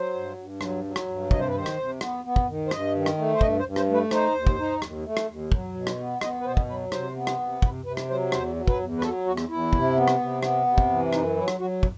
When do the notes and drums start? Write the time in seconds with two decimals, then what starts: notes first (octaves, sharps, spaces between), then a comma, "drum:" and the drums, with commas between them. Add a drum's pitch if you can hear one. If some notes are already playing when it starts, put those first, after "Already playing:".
Already playing: F#3 C5
0.14 G2
0.37 G2
0.61 F#3, drum: rim click
0.84 F#3
0.96 drum: rim click
1.08 G2
1.31 C3 D#5, drum: kick
1.39 C5
1.47 B4
1.54 D#3 C5
1.66 drum: rim click
1.77 C3
2.01 B3, drum: rim click
2.25 B3
2.36 drum: kick
2.48 D#3
2.66 C5
2.71 G2 D#5, drum: rim click
2.94 D#3
3.06 drum: rim click
3.18 A3
3.34 C5
3.41 G2 D#5, drum: kick
3.59 C5
3.65 G2
3.76 C5, drum: rim click
3.88 A3
3.93 B4
4.11 D#4 C5, drum: rim click
4.35 D#2
4.47 drum: kick
4.59 D#4
4.82 D#2, drum: rim click
5.05 A3
5.17 drum: rim click
5.28 D#2
5.52 F#3, drum: kick
5.75 B2
5.87 drum: rim click
5.99 B3
6.21 B3 D#5, drum: rim click
6.40 B4
6.45 B2 C5
6.57 drum: kick
6.69 F#3 B4
6.92 C3 C5, drum: rim click
7.15 B3
7.27 drum: rim click
7.39 C3
7.62 C3 B4, drum: kick
7.85 C3 B4
7.97 drum: rim click
8.09 F#3 C5
8.32 E2 C5, drum: rim click
8.55 F#3
8.67 B4, drum: kick
8.79 E2
8.98 B4
9.02 F#3 A4, drum: rim click
9.26 E2 F#4
9.37 drum: rim click
9.49 E2 E4
9.73 C3, drum: kick
9.96 B3
10.08 drum: rim click
10.20 C3
10.43 B3, drum: rim click
10.66 C3
10.78 drum: kick
10.89 E3
11.13 F#2 D#4, drum: rim click
11.36 F#3 E4
11.48 drum: rim click
11.60 F#3 F#4
11.83 drum: kick